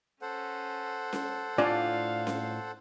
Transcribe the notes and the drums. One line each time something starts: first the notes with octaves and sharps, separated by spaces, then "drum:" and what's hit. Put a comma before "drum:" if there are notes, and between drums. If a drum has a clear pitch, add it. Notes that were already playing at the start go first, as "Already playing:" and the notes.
C#4 A4 C5 F#5
drum: snare C#4
A2 D4 F4 D5 F5 G#5
drum: snare C#4